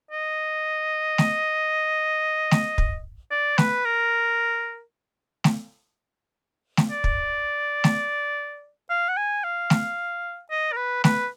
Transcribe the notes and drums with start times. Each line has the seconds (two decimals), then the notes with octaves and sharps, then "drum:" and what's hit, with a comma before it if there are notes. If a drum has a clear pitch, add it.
0.11 D#5
1.18 drum: snare A3
2.51 drum: snare A3
2.78 drum: kick
3.31 D5
3.58 B4, drum: snare A3
3.85 A#4
5.44 drum: snare A3
6.77 drum: snare A3
6.91 D5
7.04 drum: kick
7.84 drum: snare A3
8.90 F5
9.09 F#5
9.17 G#5
9.44 F5
9.70 drum: snare A3
10.51 D#5
10.72 A#4
10.77 B4
11.04 B4, drum: snare A3